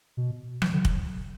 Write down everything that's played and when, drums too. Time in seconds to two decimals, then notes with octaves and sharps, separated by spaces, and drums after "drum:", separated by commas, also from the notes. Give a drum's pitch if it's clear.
0.17 B2
0.62 E3 F#3, drum: rim click
0.73 D3 F#3
0.85 drum: kick